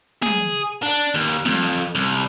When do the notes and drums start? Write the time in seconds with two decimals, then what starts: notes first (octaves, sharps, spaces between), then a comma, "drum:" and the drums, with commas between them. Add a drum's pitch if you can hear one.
0.22 G#4, drum: snare
0.83 D4
1.15 D#2
1.45 F2, drum: snare
1.95 C2